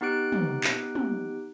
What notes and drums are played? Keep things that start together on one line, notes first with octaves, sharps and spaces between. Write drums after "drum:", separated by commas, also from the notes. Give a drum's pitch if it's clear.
B3 D#4 G4 F#6 D7
drum: tom
drum: clap
drum: tom